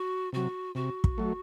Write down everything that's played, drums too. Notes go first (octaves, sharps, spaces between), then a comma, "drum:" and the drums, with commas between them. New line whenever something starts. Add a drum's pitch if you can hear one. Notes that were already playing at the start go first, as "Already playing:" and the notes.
Already playing: F#4
C3 F#3 F#4
C3 F#4
drum: kick
F#3 A3